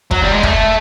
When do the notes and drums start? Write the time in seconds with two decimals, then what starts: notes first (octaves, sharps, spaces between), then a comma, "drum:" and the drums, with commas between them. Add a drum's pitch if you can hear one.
0.11 F#3, drum: kick
0.22 G3
0.32 G#3
0.43 A3, drum: kick